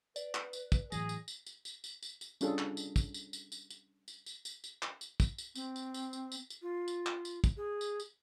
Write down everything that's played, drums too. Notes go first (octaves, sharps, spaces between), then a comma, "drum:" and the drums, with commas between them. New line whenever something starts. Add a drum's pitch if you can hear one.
B4 D5, drum: tambourine
drum: clap
drum: tambourine
drum: kick, tambourine
A2 E3 F#3 G#4 A#6, drum: tambourine
drum: tambourine
drum: tambourine
drum: tambourine
drum: tambourine
drum: tambourine
drum: tambourine
drum: tambourine
G3 C#4 D4 F4 G#4 A4, drum: tambourine
drum: clap
drum: tambourine
drum: kick, tambourine
drum: tambourine
drum: tambourine
drum: tambourine
drum: tambourine
drum: tambourine
drum: tambourine
drum: tambourine
drum: tambourine
drum: clap
drum: tambourine
drum: kick, tambourine
drum: tambourine
C4, drum: tambourine
drum: tambourine
drum: tambourine
drum: tambourine
drum: tambourine
drum: tambourine
F4
drum: tambourine
drum: clap
drum: tambourine
drum: kick, tambourine
G#4
drum: tambourine
drum: tambourine